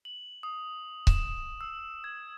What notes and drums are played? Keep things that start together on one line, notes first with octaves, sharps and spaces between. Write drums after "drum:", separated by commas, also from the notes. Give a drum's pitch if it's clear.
F#7
D#6
E7, drum: kick C#1
E6
G#6